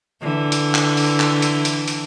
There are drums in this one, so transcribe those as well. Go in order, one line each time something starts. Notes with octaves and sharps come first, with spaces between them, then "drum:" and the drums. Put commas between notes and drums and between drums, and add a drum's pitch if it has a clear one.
D3 E3
drum: hi-hat
drum: clap
drum: open hi-hat
drum: clap
drum: hi-hat
drum: hi-hat
drum: hi-hat